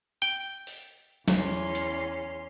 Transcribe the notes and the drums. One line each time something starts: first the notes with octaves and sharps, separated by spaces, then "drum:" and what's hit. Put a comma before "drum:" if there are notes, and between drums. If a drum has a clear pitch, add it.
G5
drum: open hi-hat
E2 C#4 C6, drum: snare
drum: hi-hat